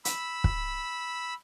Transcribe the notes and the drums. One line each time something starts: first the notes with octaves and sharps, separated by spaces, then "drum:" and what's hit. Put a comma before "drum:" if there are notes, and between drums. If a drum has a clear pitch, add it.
B5 E6, drum: hi-hat
drum: kick